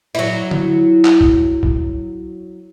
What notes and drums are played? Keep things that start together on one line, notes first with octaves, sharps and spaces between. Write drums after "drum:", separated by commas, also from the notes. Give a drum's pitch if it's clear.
F#3 E4, drum: open hi-hat
drum: tom
drum: clap
drum: kick B1
drum: kick B1